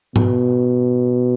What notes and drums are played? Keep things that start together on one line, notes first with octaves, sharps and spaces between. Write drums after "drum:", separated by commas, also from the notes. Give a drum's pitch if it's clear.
B2, drum: tom G#2